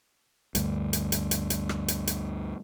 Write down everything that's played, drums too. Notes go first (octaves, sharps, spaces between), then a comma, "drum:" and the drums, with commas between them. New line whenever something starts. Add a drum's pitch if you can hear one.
D2 G2, drum: hi-hat
drum: hi-hat
drum: hi-hat
drum: hi-hat
drum: hi-hat
drum: rim click
drum: hi-hat
drum: hi-hat